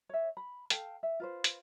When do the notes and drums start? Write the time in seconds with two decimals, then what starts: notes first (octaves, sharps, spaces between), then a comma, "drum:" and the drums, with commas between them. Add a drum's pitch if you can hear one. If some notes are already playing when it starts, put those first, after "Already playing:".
0.09 C#5 E5
0.37 B5
0.70 A4 F5 G5, drum: hi-hat
1.03 E5
1.20 F4 B4 C5
1.44 drum: hi-hat